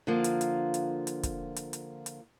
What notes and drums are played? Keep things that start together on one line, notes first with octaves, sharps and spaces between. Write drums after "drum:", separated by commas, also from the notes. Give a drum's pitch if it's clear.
D3 F3 A#3 F4
drum: hi-hat
drum: hi-hat
drum: hi-hat
drum: hi-hat
drum: kick, hi-hat
drum: hi-hat
drum: hi-hat
drum: hi-hat